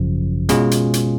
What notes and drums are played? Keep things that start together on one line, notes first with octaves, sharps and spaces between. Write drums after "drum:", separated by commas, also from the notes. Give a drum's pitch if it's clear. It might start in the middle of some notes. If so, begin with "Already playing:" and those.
Already playing: G#1 F#2 C#3 F3
B2 G#3 C#4 F4 G#4, drum: hi-hat
drum: hi-hat
drum: hi-hat